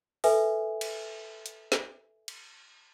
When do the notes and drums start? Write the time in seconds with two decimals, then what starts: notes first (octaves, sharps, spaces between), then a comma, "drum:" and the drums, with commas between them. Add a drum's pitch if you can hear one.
0.24 A4 B4 E5 G#5, drum: open hi-hat
0.81 drum: cymbal
1.46 drum: hi-hat
1.72 drum: snare
2.28 drum: cymbal